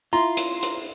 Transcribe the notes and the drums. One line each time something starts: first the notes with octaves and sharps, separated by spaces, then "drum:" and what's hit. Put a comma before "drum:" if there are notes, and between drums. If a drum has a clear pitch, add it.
E4 F4 A#5 C6
drum: hi-hat
drum: hi-hat